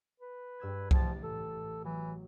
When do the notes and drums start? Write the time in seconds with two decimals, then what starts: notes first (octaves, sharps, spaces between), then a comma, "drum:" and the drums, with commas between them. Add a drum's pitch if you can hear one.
0.20 B4
0.60 G2 E6 G#6
0.91 A1 F3 A6, drum: kick C2
1.23 A4
1.84 E3 F#3